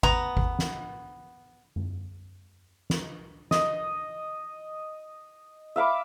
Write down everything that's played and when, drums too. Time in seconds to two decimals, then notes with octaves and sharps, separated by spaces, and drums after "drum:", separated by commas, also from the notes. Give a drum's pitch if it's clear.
0.03 B3 A#5, drum: kick G#1
0.37 drum: kick G#1
0.59 drum: snare
1.76 drum: tom F#2
2.90 drum: snare
3.51 D#5, drum: snare
5.76 E5 F5 B5 D6